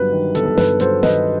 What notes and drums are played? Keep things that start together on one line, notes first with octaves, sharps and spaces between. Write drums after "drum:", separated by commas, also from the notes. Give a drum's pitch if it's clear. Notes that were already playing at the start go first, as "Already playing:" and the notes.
Already playing: G1 G2 F#3 B4
D#3
G1 A4, drum: hi-hat
A4
G2 B4, drum: snare
F#3 A4 C5, drum: hi-hat
D#3 B4 D#5, drum: snare